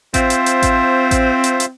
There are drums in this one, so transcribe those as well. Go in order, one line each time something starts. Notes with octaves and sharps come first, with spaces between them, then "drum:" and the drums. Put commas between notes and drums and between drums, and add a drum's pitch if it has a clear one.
C4 F4 C5 E5, drum: kick A1, hi-hat
drum: hi-hat
drum: hi-hat
drum: kick A1, hi-hat
drum: kick A1, hi-hat
drum: hi-hat
drum: hi-hat